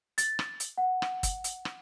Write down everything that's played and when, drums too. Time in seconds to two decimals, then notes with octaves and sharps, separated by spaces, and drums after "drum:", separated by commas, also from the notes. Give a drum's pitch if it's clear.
0.18 A6, drum: hi-hat
0.39 drum: rim click
0.60 drum: hi-hat
0.78 F#5
1.02 drum: rim click
1.23 drum: kick, hi-hat
1.44 drum: hi-hat
1.65 drum: rim click